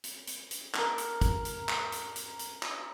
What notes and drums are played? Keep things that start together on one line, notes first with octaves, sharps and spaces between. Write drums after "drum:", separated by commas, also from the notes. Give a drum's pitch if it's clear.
drum: hi-hat
drum: hi-hat
drum: hi-hat
A#4 A5, drum: clap
drum: hi-hat
drum: kick, hi-hat
drum: hi-hat
drum: clap
drum: hi-hat
drum: hi-hat
drum: hi-hat
drum: clap